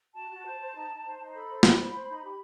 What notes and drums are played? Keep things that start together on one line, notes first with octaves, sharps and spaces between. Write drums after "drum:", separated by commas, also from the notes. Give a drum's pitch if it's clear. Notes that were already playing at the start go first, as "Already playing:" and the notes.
F#4 A5
F#4
C5
C5
D#4
D#4
C5
D#4
A4 B5
C5
C5, drum: snare
C5
C5
D#4
G4